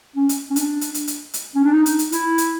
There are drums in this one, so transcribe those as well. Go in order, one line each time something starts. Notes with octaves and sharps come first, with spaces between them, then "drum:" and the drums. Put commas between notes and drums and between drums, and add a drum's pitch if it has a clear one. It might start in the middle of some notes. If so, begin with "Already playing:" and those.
C#4
drum: hi-hat
C#4
D4, drum: hi-hat
drum: hi-hat
drum: hi-hat
drum: hi-hat
drum: hi-hat
C#4
D4
D#4
drum: hi-hat
drum: hi-hat
E4, drum: hi-hat
drum: hi-hat